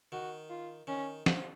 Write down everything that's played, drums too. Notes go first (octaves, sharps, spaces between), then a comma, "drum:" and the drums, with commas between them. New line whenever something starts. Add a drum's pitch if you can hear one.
D#3 F#4
F4
D#3 C#4
F3, drum: snare